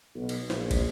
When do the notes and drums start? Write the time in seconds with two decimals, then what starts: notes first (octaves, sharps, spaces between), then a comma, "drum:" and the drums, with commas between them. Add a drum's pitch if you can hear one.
0.15 B1
0.29 drum: cymbal
0.50 A#1, drum: snare
0.71 drum: kick, cymbal